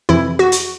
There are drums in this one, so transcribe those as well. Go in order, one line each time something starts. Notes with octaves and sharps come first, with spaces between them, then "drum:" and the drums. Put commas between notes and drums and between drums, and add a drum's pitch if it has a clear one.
F2 C3 E3 E4
F#4
drum: hi-hat